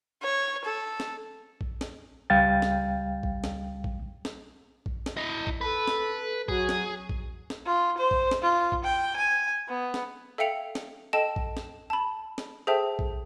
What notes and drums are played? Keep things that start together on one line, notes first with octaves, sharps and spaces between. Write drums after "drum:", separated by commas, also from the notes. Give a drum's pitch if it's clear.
C#5
A4
drum: snare
drum: kick A#1
drum: snare
C#2 G3 F5 G5 A6
drum: snare
drum: kick A#1
drum: snare
drum: kick A#1
drum: snare
drum: kick A#1
drum: snare
E4 D#5
drum: kick A#1
A4 B4
drum: snare
F#3 F#4 G#4, drum: kick A#1
drum: snare
drum: kick A#1
drum: snare
F4
C5
drum: kick A#1
drum: snare
F4
drum: kick A#1
G5
G#5
B3
drum: snare
A4 E5 F5 G5 C#7 F7
drum: snare
A4 D#5 G5 A5 E7
drum: kick A#1
drum: snare
A5 B5
drum: snare
G#4 A4 C5 E5 G5 A5
drum: kick A#1